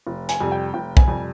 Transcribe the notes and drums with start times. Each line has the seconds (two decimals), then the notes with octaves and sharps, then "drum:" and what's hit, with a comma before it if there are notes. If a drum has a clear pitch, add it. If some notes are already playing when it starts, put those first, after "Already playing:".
0.07 F1
0.29 G#5, drum: hi-hat
0.41 F2 C3 G3
0.52 G5
0.74 F1 G5
0.97 G#5, drum: kick B1
1.08 F2 C3 G3